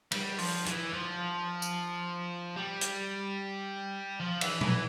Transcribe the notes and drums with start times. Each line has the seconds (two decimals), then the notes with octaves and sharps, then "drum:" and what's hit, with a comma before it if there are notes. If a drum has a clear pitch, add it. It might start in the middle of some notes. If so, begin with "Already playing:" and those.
0.12 G3, drum: cymbal
0.38 F3, drum: open hi-hat
0.66 E3, drum: hi-hat
0.93 F3
1.62 drum: tambourine
2.57 G3
2.81 drum: hi-hat
4.20 F3
4.41 E3, drum: cymbal
4.61 E3, drum: tom A#2